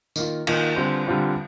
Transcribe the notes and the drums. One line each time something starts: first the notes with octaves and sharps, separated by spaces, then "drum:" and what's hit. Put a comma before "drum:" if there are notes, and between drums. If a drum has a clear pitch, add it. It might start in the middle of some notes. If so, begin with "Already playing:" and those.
D#3 A#3 F4, drum: tambourine
D#3 A#3 F4, drum: cymbal
D3 G3 C4 F4 C5
D3 G3 C4 F4 C5